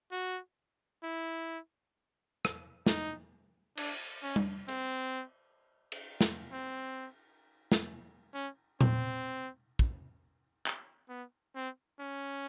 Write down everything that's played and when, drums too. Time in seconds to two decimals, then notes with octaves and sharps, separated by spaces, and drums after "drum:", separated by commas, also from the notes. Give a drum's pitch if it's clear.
0.12 F#4
1.04 E4
2.45 drum: rim click
2.87 D#4, drum: snare
3.77 D4, drum: cymbal
4.23 C#4
4.36 drum: tom G3
4.69 C4, drum: hi-hat
5.92 drum: cymbal
6.21 drum: snare
6.52 C4
7.72 drum: snare
8.34 C#4
8.81 C4, drum: tom A#2
9.79 drum: kick
10.66 drum: clap
11.09 B3
11.55 C4
12.00 C#4